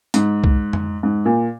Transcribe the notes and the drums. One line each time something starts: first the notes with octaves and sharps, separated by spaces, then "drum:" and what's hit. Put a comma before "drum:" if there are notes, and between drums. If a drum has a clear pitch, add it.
G#2, drum: hi-hat
drum: kick C2
drum: tom F2
G#2
A#2